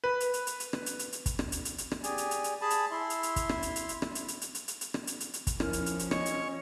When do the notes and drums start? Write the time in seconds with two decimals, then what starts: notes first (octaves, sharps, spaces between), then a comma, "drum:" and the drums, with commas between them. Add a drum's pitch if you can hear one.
0.04 B4
0.20 drum: hi-hat
0.34 drum: hi-hat
0.47 drum: hi-hat
0.60 drum: hi-hat
0.73 drum: rim click
0.86 drum: hi-hat
0.99 drum: hi-hat
1.13 drum: hi-hat
1.26 drum: kick, hi-hat
1.39 drum: rim click
1.52 drum: hi-hat
1.65 drum: hi-hat
1.78 drum: hi-hat
1.91 drum: rim click
2.04 G4 G#4 D5 G#5, drum: hi-hat
2.18 drum: hi-hat
2.31 drum: hi-hat
2.44 drum: hi-hat
2.61 G#4 A5 B5
2.70 drum: hi-hat
2.91 E4 E5 C6
3.10 drum: hi-hat
3.23 drum: hi-hat
3.36 drum: kick, hi-hat
3.49 drum: rim click
3.63 drum: hi-hat
3.76 drum: hi-hat
3.89 drum: hi-hat
4.02 drum: rim click
4.15 drum: hi-hat
4.28 drum: hi-hat
4.41 drum: hi-hat
4.55 drum: hi-hat
4.68 drum: hi-hat
4.81 drum: hi-hat
4.94 drum: rim click
5.07 drum: hi-hat
5.20 drum: hi-hat
5.34 drum: hi-hat
5.47 drum: kick, hi-hat
5.60 F3 C#4 E4 F4 A#4 F6, drum: rim click
5.73 drum: hi-hat
5.86 drum: hi-hat
5.99 drum: hi-hat
6.11 C#5 D#5, drum: rim click
6.26 drum: hi-hat